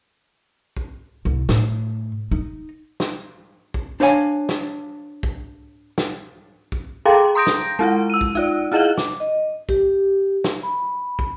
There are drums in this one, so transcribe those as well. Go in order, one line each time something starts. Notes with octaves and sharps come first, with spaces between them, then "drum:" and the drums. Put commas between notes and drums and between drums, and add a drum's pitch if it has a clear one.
drum: kick
C2
A2, drum: snare
D#4
drum: snare
drum: kick
D4 C5 C#5 F5 G#5
drum: snare
drum: kick
drum: snare
drum: kick
G#4 A4 F5 G5 C6 D6
A#5 C6 D#6 G6 A#6 D7
drum: snare
G#3 E4 F4 F#5
E6 D#7
drum: kick
D#4 F4 D5
E4 F4 G#4 D#5 F5 F#5
D6, drum: snare
D#5
G4, drum: kick
drum: snare
B5
drum: kick